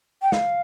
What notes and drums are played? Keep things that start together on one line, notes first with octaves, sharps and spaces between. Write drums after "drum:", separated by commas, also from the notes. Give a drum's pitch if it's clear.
G5
F5, drum: snare